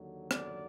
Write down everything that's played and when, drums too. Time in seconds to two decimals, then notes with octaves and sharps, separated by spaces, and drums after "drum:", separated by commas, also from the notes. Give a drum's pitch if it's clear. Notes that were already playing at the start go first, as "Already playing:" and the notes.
Already playing: D#2 D3 F#3
0.31 D5, drum: rim click